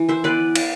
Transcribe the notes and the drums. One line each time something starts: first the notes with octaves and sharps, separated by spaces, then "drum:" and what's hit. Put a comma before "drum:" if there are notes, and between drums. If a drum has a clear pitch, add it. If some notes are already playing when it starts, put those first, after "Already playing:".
Already playing: E3
C5 E5
B3 B4 D5
drum: cymbal